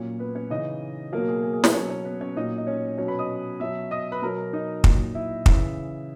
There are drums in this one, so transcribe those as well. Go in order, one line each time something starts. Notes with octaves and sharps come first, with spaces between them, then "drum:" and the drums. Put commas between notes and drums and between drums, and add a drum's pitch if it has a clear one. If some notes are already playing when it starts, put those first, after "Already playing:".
Already playing: A#2 F#3 C#4 C#5
B3 B4
C#4 C#5
C#3 E3 D#4 D#5
B2 F#3 A#3 A#4
G#4
G#4
G#4
B3 B4, drum: snare
B2 F#3 C#4 C#5
C#4 C#5
B3 B4
C#4 C#5
A#2 F#3 D#4 D#5
D#5
C#4 C#5
B2 F#3 C#4 C#5
B4 B5
D#5 D#6
B2 F#3 E5 E6
D#5 D#6
B4 B5
B2 F#3 A#4 A#5
D#4 D#5
A#2 F#3, drum: kick
E4 E5
C#3 E3 E4 E5, drum: kick